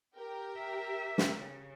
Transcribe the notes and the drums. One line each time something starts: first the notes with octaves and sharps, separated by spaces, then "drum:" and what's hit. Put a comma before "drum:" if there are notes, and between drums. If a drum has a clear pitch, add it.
G4 A#4 G5
E5
drum: snare
C#3